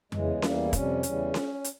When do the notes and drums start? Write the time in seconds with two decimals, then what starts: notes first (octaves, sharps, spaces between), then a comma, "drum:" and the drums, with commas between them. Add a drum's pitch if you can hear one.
0.12 E2 C#3 E3 G#3, drum: tom F2
0.42 E2 E3 G3 A#3, drum: snare C#4
0.65 E4
0.73 F2 C3 G3 C#4, drum: kick, hi-hat
1.03 E2 C#3 E3 G3, drum: hi-hat
1.34 drum: snare C#4
1.64 drum: hi-hat